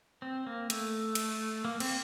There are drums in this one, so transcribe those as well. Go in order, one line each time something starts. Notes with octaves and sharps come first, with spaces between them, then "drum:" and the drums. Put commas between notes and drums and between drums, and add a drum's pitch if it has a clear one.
C4
A#3
A3, drum: hi-hat
drum: cymbal
A#3
C4, drum: cymbal